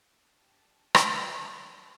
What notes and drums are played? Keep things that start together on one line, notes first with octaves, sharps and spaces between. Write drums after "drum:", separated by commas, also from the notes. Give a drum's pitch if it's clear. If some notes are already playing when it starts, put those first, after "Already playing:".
D4 G4 A5
drum: rim click
D4 G4 A5